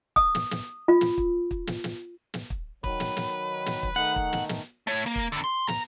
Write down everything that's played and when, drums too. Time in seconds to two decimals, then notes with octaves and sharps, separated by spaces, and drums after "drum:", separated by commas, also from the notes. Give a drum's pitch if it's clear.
0.16 D#6, drum: kick
0.35 drum: snare
0.51 drum: snare
0.88 F4
1.01 drum: snare
1.18 drum: kick
1.51 drum: kick
1.67 drum: snare
1.84 drum: snare
2.34 drum: snare
2.50 drum: kick
2.84 D#3 F#3 B4, drum: kick
3.00 drum: snare
3.17 drum: snare
3.66 drum: snare
3.83 drum: kick
3.96 D#3 A3 D#4 F#5
4.16 drum: kick
4.33 drum: snare
4.49 drum: snare
4.87 A3 C#5
5.06 A#3
5.16 drum: kick
5.32 E2 D3
5.44 C6
5.68 A#5, drum: snare